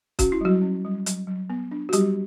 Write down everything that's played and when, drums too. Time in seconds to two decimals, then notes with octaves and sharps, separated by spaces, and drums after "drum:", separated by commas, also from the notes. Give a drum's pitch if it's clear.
0.19 C#4 F#4, drum: kick C#1, hi-hat
0.32 E4
0.41 F#3 G3 F#4
0.62 C#4
0.85 G3
1.06 F#3, drum: hi-hat
1.27 F#3
1.50 B3
1.71 D4
1.89 F#4
1.93 F#3 G3 G4, drum: hi-hat